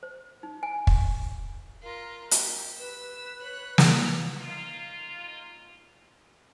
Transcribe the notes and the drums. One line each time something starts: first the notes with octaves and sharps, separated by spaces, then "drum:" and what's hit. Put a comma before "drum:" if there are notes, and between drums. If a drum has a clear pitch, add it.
C5
D#4
G#5
C#6, drum: kick
F4 A#4
G4, drum: hi-hat
B4 E6
C#5 F#6
B6 F7, drum: snare
A#3 D#4 F4